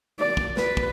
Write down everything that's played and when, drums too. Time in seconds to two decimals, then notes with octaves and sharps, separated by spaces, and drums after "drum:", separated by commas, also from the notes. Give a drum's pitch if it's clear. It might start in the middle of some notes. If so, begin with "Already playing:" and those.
0.19 D5
0.37 drum: kick
0.57 B4, drum: snare
0.77 drum: kick